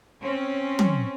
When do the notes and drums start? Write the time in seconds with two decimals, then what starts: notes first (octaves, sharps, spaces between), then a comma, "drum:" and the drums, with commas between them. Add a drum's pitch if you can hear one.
0.20 C4 C#4
0.79 drum: tom